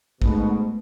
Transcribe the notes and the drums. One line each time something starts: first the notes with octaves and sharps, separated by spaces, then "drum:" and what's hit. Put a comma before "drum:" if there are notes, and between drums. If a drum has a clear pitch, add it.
G#2 B2 A3, drum: kick